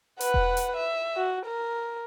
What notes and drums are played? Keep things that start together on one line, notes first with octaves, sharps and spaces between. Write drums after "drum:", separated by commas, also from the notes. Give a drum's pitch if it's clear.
B4 F#5, drum: hi-hat
drum: kick E1
drum: hi-hat
E5
F#4
A#4